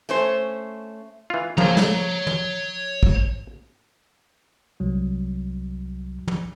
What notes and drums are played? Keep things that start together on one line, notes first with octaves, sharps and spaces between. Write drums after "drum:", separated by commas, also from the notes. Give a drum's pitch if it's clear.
A3 C#4 C5
E3 F4
C#3 F3 A#3 C#5 A#5, drum: tom
drum: snare
drum: tom
drum: kick
C2 F#3
drum: tom